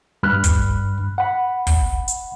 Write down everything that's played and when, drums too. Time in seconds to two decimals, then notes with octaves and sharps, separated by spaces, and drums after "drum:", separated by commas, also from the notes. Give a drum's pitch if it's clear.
0.23 G2 B5 F6 F#6
0.44 drum: kick, hi-hat
1.18 F#5 B5
1.67 drum: kick, open hi-hat
2.08 drum: hi-hat